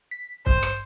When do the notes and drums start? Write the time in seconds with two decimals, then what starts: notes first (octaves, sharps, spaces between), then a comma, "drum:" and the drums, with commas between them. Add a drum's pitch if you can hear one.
0.11 B6
0.46 G2 C5, drum: kick
0.63 drum: rim click